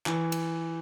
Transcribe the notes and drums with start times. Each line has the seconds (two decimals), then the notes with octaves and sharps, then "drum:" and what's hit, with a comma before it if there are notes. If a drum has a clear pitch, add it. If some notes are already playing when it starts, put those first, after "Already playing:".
0.06 E3, drum: clap
0.32 drum: cymbal